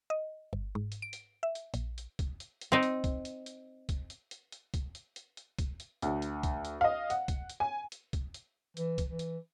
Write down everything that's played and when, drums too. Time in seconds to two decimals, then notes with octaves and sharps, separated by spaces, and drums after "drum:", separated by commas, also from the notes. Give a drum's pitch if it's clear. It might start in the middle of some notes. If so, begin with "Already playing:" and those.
0.10 D#5
0.53 G1
0.75 G#2
0.92 drum: hi-hat
1.02 D7
1.13 drum: hi-hat
1.43 E5
1.55 drum: hi-hat
1.74 A#1, drum: hi-hat
1.98 drum: hi-hat
2.19 drum: kick, hi-hat
2.40 drum: hi-hat
2.61 drum: hi-hat
2.72 C4 D#4
2.83 drum: hi-hat
3.04 drum: kick, hi-hat
3.25 drum: hi-hat
3.46 drum: hi-hat
3.89 drum: kick, hi-hat
4.10 drum: hi-hat
4.31 drum: hi-hat
4.52 drum: hi-hat
4.74 drum: kick, hi-hat
4.95 drum: hi-hat
5.16 drum: hi-hat
5.37 drum: hi-hat
5.59 drum: kick, hi-hat
5.80 drum: hi-hat
6.02 D2, drum: hi-hat
6.22 drum: hi-hat
6.43 drum: kick, hi-hat
6.65 drum: hi-hat
6.81 D#5 F5
7.10 F#5, drum: hi-hat
7.28 drum: kick, hi-hat
7.50 drum: hi-hat
7.60 G#5
7.92 drum: hi-hat
8.13 drum: kick, hi-hat
8.34 drum: hi-hat
8.77 E3, drum: hi-hat
8.98 drum: kick, hi-hat
9.09 E3
9.19 drum: hi-hat